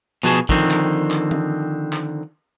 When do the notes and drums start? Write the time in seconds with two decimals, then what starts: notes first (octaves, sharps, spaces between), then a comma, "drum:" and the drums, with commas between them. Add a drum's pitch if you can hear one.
0.23 B2 F3 F#4 G#4 A5
0.49 D3 D#3 F3 C4, drum: kick
0.70 drum: clap
1.11 drum: clap
1.31 drum: tom E3
1.93 drum: clap